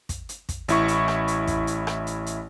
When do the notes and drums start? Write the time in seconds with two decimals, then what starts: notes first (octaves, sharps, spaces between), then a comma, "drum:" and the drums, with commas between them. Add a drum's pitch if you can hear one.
0.09 drum: kick, hi-hat
0.29 drum: hi-hat
0.49 drum: kick, hi-hat
0.68 A1 E4 C#6, drum: hi-hat
0.88 drum: hi-hat
1.08 drum: rim click
1.28 drum: hi-hat
1.47 drum: kick, hi-hat
1.67 drum: hi-hat
1.87 drum: rim click
2.07 drum: hi-hat
2.26 drum: hi-hat